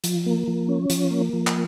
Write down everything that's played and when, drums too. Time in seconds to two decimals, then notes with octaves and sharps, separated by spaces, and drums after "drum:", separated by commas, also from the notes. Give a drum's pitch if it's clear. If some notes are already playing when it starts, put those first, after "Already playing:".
0.04 F3, drum: hi-hat
0.26 A#3
0.48 F3
0.68 C#4
0.90 F3, drum: hi-hat
1.11 A#3
1.33 F3
1.47 drum: clap